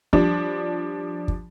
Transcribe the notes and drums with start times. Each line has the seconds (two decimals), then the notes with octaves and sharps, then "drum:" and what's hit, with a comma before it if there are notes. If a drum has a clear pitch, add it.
0.13 F3 G3 D4, drum: kick
1.28 drum: kick